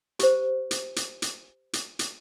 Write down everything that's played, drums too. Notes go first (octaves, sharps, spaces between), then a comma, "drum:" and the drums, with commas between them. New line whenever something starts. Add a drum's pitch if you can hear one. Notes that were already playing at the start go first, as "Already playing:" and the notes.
G4 C5, drum: hi-hat
drum: hi-hat
drum: hi-hat
drum: hi-hat
drum: hi-hat
drum: hi-hat